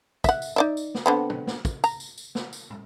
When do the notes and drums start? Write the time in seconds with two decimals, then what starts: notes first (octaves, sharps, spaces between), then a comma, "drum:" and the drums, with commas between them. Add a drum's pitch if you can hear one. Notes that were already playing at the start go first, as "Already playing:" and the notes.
0.24 E5 F#5, drum: kick, tambourine
0.42 drum: tambourine
0.56 D#4 D5 E5
0.77 drum: tambourine
0.95 drum: snare
1.06 D3 B3 C4
1.30 drum: tom
1.47 drum: snare
1.65 drum: kick, tambourine
1.84 A#5, drum: tambourine
2.00 drum: tambourine
2.18 drum: tambourine
2.35 drum: snare
2.53 drum: tambourine
2.70 drum: tom